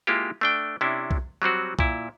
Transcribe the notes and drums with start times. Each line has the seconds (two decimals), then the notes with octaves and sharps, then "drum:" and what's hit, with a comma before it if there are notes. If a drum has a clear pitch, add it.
0.07 G#3 A#3 E4 F4 G4
0.41 A3 D4 G5
0.81 C3 C#4 D4 E4
1.11 drum: kick B1
1.42 F#3 G3 C4 F#4
1.79 A#2 E4, drum: kick B1